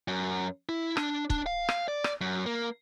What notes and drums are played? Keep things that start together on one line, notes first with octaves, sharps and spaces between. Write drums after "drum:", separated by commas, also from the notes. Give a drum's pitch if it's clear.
F#2
E4
D4, drum: rim click
D4, drum: kick
F5
drum: rim click
D5
drum: rim click
F#2
A#3